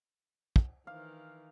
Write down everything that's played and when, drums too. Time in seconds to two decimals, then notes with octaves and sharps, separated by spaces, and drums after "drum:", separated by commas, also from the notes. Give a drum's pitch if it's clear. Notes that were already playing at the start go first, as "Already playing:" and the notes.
0.56 drum: kick
0.87 D#3 E3 F5